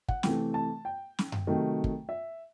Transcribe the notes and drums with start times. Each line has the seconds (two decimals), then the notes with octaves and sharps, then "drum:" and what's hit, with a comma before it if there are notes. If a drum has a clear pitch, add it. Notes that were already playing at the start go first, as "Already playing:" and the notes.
0.08 F#5, drum: kick
0.23 C3 E3 A3 G5, drum: snare
0.54 A5
0.85 G5
1.19 drum: snare
1.32 drum: tom F#2
1.47 C3 D#3 F#3 A3
1.84 drum: kick
2.09 E5